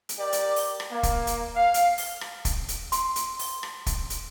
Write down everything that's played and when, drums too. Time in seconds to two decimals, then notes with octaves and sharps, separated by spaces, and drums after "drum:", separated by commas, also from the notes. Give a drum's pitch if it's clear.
0.09 drum: hi-hat
0.19 G4 A#4 D5
0.32 drum: hi-hat
0.56 drum: open hi-hat
0.80 drum: rim click
0.92 A#3
1.03 drum: kick, hi-hat
1.27 drum: hi-hat
1.56 F5
1.74 drum: hi-hat
1.98 drum: open hi-hat
2.21 drum: rim click
2.45 drum: kick, hi-hat
2.68 drum: hi-hat
2.92 C6, drum: hi-hat
3.16 drum: hi-hat
3.39 drum: open hi-hat
3.63 drum: rim click
3.86 drum: kick, hi-hat
4.10 drum: hi-hat